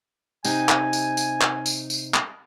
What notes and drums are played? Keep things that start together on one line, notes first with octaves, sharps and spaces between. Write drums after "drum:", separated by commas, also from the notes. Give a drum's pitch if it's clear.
C3 D#4 G5 G#5, drum: tambourine
drum: clap
drum: tambourine
drum: tambourine
drum: clap
drum: tambourine
drum: tambourine
drum: clap